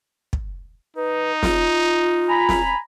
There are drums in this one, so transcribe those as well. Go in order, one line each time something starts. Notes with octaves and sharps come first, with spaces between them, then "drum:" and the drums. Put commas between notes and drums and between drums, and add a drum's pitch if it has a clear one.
drum: kick
D#4 B4
F4, drum: snare
G#5 A#5 B5
drum: snare